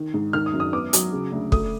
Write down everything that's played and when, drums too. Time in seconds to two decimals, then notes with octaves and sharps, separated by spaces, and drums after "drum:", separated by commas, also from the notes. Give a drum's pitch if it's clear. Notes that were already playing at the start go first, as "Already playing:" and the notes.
Already playing: D#3
0.14 G#2
0.33 D#3 F6
0.46 D#6
0.53 F#2
0.60 D#6
0.73 B3 D6
0.93 F#3, drum: hi-hat
1.13 C#3
1.32 D2
1.52 A3 D#6, drum: kick